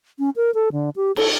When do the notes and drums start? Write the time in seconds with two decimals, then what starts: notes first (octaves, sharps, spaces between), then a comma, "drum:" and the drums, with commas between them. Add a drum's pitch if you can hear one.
0.19 C#4
0.36 A#4
0.54 A4
0.72 D3
0.96 G4
1.16 A4, drum: cymbal